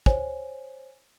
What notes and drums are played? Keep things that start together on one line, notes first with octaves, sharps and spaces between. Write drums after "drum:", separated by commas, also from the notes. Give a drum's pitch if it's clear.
C5 C#5 G#5, drum: kick